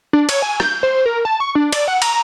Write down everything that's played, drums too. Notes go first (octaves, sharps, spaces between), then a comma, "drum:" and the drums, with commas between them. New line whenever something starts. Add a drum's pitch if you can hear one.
D4
C#5, drum: cymbal
G#5
G6, drum: rim click
C5
A#4
A5
C#6
D4
D5, drum: cymbal
F#5
A#5, drum: cymbal